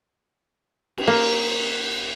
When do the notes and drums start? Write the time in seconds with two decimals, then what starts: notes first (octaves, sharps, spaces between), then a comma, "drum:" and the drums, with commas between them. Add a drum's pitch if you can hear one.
0.98 drum: cymbal
1.08 A#3